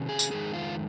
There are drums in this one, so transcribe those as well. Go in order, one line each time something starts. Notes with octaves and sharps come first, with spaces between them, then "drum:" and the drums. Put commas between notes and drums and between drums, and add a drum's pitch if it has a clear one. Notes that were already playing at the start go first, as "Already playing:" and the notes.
Already playing: C3 D#3 F#3 C#4
G#4
drum: tambourine
F2 D#3 G#3 D#4 G#4
F4